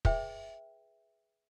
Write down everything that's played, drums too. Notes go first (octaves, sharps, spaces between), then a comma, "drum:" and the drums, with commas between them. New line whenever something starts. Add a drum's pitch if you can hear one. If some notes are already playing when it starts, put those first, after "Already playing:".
G#4 B4 E5 G5, drum: kick